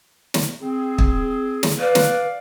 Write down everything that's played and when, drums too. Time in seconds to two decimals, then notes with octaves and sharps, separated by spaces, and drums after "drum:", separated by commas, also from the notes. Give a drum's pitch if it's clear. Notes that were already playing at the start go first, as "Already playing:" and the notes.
0.34 drum: snare
0.62 C4 G#4
0.98 drum: kick
1.63 drum: snare
1.79 B4 D5 F5
1.95 drum: snare